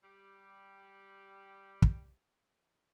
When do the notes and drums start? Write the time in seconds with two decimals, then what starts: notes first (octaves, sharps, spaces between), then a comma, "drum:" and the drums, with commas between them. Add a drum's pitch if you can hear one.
0.03 G3 G4
1.82 drum: kick